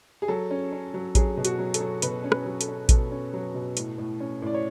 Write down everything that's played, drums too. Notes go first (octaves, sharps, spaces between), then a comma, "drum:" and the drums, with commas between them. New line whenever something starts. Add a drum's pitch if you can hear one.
G#4
F#3 A4
C#4
C#4
F#3
F#3 G#4, drum: kick A1, hi-hat
B2
F#4, drum: hi-hat
F#3
A4, drum: hi-hat
F#3
B2 B4, drum: hi-hat
C#4
B4, drum: rim click
F#3
A4, drum: hi-hat
C#4
B2 A4, drum: kick A1, hi-hat
C#4
F#3
B2
A2, drum: hi-hat
A2
C#4
A2 D5
C#5